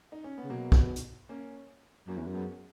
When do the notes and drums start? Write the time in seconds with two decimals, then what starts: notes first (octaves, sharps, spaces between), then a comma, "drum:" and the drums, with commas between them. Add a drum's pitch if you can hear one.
0.12 D#4
0.24 C#4
0.38 B3
0.44 C#3
0.49 B2 F#3 A#3
0.72 drum: kick
0.96 drum: hi-hat
1.29 A#3 C#4
2.08 F#2 A#3 C#4
2.18 E2
2.27 F#2
2.34 G#3 B3